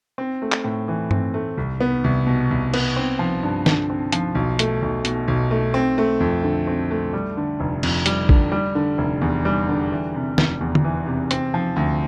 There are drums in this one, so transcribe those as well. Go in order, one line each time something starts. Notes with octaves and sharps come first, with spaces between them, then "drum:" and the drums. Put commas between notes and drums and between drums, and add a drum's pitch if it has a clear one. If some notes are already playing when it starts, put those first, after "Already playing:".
C4
A3
drum: clap
A2
E3
C4, drum: tom G2
A3
C2
B3
C2
B2
C2
B3, drum: cymbal
C4
F3
G2
D3, drum: snare
C4
F3, drum: hi-hat
B1
A3, drum: hi-hat
B1
B2, drum: hi-hat
B1
A3
C4
A3
F2
D3
C4
A3
G3
D3
F1
F2, drum: cymbal
G3, drum: hi-hat
D3, drum: kick
G3
D3
F1
E2
G3
D3
E3
C3
F1, drum: snare
E2
drum: tom D3
E3
C3
C4, drum: hi-hat
F3
D2